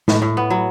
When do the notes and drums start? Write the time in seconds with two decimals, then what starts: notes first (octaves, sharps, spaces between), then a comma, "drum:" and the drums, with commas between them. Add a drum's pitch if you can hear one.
0.08 A2, drum: snare
0.22 A2
0.37 B3
0.50 F#3